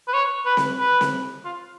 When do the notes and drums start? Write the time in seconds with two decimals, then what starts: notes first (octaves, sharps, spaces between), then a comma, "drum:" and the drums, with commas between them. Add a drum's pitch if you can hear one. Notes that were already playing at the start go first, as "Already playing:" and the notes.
0.08 B4
0.13 C#5
0.46 B4
0.57 drum: snare C4
0.79 B4
1.01 drum: snare C4
1.45 F4